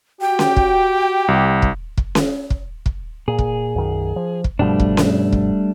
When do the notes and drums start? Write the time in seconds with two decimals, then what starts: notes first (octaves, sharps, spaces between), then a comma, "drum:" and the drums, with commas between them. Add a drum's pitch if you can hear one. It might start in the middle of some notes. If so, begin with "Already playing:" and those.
0.21 F#4 G4 G5
0.39 drum: snare C#4
0.56 drum: kick
1.28 C2
1.62 drum: kick
1.98 drum: kick
2.15 drum: snare C#4
2.50 drum: kick
2.86 drum: kick
3.28 A#2 G#4
3.39 drum: kick
3.75 B1 F#2 D#3
4.16 F3
4.44 drum: kick
4.59 G2 B2 F3 G3 A3 D4
4.80 drum: kick
4.97 drum: snare C#4
5.32 drum: kick